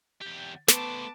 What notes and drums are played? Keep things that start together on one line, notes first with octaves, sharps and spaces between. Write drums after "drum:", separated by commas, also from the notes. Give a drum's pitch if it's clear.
E2 G4
A3 B3 C5 A5 D6, drum: snare